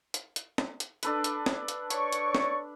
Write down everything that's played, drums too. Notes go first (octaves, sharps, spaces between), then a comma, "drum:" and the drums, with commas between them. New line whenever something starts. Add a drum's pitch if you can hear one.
drum: hi-hat
drum: hi-hat
drum: snare
drum: hi-hat
D4 A4 B4, drum: hi-hat
drum: hi-hat
drum: snare
drum: hi-hat
C#5 D5 C#6, drum: hi-hat
drum: hi-hat
drum: snare